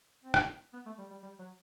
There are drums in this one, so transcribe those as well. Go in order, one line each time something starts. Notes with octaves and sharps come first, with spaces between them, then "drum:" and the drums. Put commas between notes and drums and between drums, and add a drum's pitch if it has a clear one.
C4
drum: rim click
B3
A3
G3
G3
G3
F#3